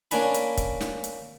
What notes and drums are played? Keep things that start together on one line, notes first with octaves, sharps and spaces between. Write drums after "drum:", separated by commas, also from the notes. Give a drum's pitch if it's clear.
A#3 C#4 D4 G#5 B5, drum: hi-hat
drum: hi-hat
drum: kick, hi-hat
drum: snare
drum: hi-hat